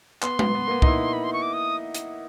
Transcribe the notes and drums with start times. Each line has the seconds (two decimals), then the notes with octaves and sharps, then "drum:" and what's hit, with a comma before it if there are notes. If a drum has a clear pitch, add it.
0.22 B3 C6, drum: clap
0.39 B3, drum: tom G#3
0.55 B3
0.68 A#3
0.71 B3
0.82 D#4, drum: kick C2
0.87 E4
1.13 B5
1.24 C6
1.33 C#6
1.42 D6
1.53 D#6
1.95 drum: hi-hat